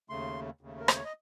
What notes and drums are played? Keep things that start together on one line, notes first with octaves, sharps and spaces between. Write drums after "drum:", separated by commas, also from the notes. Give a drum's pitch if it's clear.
D#2 C#3 A3 C6
D#2 C#3 A3
A#4
C5, drum: rim click
C#5
D#5